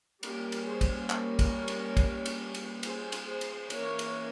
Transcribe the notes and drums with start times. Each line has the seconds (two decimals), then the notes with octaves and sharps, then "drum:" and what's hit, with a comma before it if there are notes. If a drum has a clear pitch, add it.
0.23 G3 A#3 C#4 G4 A#4, drum: cymbal
0.52 drum: cymbal
0.66 G#4 C5
0.81 drum: kick, cymbal
1.10 A#4 C#5, drum: clap
1.39 drum: kick, cymbal
1.68 drum: cymbal
1.97 drum: kick, cymbal
2.26 drum: cymbal
2.54 drum: cymbal
2.83 G#4 C5, drum: cymbal
3.12 drum: cymbal
3.26 G#4 C5
3.41 drum: cymbal
3.70 E3 A#3 C#4 A#4 C#5, drum: cymbal
3.99 drum: cymbal